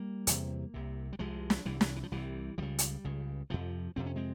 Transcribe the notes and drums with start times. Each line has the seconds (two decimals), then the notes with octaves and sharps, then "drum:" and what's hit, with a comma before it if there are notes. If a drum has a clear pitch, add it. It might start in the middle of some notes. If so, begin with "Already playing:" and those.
Already playing: G3 A#3
0.27 E2 C3, drum: hi-hat
0.74 C2 C3
1.13 G3
1.19 C2 C3 F3 G#3
1.50 drum: snare
1.65 C2 C3 E3 G3
1.81 E3, drum: snare
1.96 E3
2.03 F3
2.12 C2 C3 E3 G3
2.58 C#2 C#3 E3 G3
2.78 drum: hi-hat
3.05 C#2 C#3
3.50 F2 C3 F3
3.96 F2 C3 C4
4.06 C#4
4.16 G#3 C4